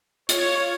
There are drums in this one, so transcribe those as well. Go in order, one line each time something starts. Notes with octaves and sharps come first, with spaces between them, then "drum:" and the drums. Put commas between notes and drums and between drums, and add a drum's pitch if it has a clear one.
F4 C#5, drum: hi-hat